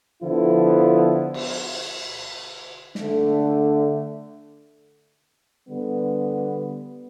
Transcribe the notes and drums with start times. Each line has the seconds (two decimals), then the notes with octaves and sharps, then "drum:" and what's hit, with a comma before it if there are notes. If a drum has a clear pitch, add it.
0.22 D3 F3 B3 E4
1.34 drum: cymbal
2.95 D3 A3 D4, drum: snare
5.69 D3 G3 B3